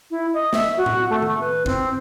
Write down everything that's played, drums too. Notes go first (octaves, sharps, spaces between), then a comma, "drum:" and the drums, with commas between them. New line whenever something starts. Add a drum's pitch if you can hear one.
E4
D#5
E5, drum: snare
F#4
drum: tom A2
A3
drum: tom D#3
B4
C4, drum: kick